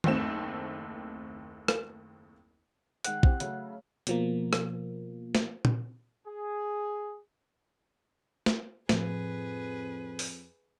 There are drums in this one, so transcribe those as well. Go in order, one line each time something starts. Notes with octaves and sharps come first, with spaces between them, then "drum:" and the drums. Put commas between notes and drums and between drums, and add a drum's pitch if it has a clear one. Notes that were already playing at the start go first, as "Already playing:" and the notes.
F#1 D#2 A3 C4 E7, drum: tom
drum: rim click
D#3 G#3 F#5 F#6, drum: hi-hat
C4 E4 G4, drum: kick
C#3 F#3 A3, drum: hi-hat
B2 F3 A#3, drum: hi-hat
drum: rim click
drum: snare
drum: tom A#2
G#4
drum: snare
F2 A2 F3 G#4 B4, drum: snare
drum: open hi-hat